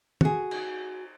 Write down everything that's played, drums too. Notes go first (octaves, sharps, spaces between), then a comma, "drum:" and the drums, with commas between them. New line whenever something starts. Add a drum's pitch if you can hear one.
F#4 G#4, drum: tom
drum: cymbal